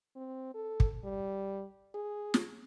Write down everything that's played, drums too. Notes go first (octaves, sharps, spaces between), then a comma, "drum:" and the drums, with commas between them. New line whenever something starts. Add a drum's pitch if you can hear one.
C4
A4
drum: kick
G3
G#4
drum: snare